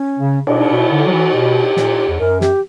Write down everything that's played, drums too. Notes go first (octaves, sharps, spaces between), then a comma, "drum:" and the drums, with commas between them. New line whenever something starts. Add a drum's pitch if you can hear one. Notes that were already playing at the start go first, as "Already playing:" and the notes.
Already playing: C#4
C#3
B2 D4, drum: cymbal
B2
E4
D3
F#3 F#4
E3
B2 G4
A#2, drum: snare
E2
F#2 A#4
G4, drum: snare